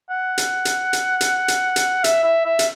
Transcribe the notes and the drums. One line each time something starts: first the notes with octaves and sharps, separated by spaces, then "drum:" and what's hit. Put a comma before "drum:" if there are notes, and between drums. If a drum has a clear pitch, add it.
F#5
drum: hi-hat
drum: hi-hat
drum: hi-hat
drum: hi-hat
drum: hi-hat
drum: hi-hat
E5, drum: hi-hat
E5
E5
drum: hi-hat